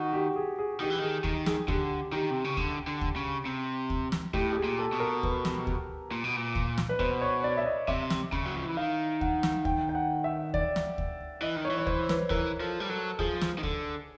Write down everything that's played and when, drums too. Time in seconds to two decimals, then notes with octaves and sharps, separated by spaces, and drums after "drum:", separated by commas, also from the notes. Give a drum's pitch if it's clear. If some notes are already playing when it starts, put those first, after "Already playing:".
Already playing: D#3 F#4
0.13 G4
0.36 G#4
0.59 G#4
0.80 D#3 G4
0.90 E3
0.99 D#3 G#4
1.24 D#3, drum: kick D2
1.46 G#4, drum: snare
1.68 D3 G4, drum: kick D2
2.12 D#3 G4
2.31 C3
2.44 C#3
2.57 D3, drum: kick D2
2.87 D3
3.01 drum: kick D2
3.16 C#3
3.45 C3
3.90 drum: kick D2
4.12 drum: snare
4.34 A2 G4, drum: kick D2
4.53 G4
4.56 G#4
4.64 A#2
4.79 A4
4.93 B2
5.00 A#4
5.23 B4, drum: kick D2
5.45 drum: snare
5.67 drum: kick D2
6.12 A#2
6.24 B2
6.36 A#2
6.55 drum: kick D2
6.78 drum: snare
6.89 B4
6.99 B2 C5, drum: kick D2
7.22 C#5
7.44 D5
7.57 E5
7.66 D#5
7.88 C3 E5, drum: kick D2
8.10 drum: snare
8.32 C#3, drum: kick D2
8.46 F#3
8.55 F3
8.66 E3
8.77 D#3 F5
9.21 F#5, drum: kick D2
9.43 drum: snare
9.65 G5, drum: kick D2
9.89 G5
9.95 F#5
10.24 E5
10.54 D5, drum: kick D2
10.76 drum: snare
10.98 drum: kick D2
11.42 E3 D#5
11.56 D#3
11.65 C#5
11.70 E3
11.78 C#5
11.87 C5, drum: kick D2
12.09 B4, drum: snare
12.30 E3 A#4, drum: kick D2
12.60 F3 A4
12.80 G3
12.89 F#3 A4
13.19 F3 G#4, drum: kick D2
13.41 drum: snare
13.58 D#3
13.63 D3, drum: kick D2